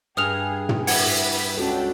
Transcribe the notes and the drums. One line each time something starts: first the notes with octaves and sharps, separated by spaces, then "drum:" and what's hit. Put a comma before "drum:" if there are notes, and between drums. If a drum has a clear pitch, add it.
G2 G#4 D#6 F6 F7
drum: tom
E4 B4 F#5 G#6 B6, drum: open hi-hat
C#2 C#4 D4 F#4 A4 G5